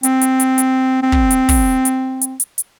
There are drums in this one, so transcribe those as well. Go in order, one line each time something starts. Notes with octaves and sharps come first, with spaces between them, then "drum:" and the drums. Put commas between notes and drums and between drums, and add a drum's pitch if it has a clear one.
C4, drum: hi-hat
drum: hi-hat
drum: hi-hat
drum: hi-hat
C4
drum: kick
drum: hi-hat
drum: kick, open hi-hat
drum: hi-hat
drum: hi-hat
drum: hi-hat
drum: hi-hat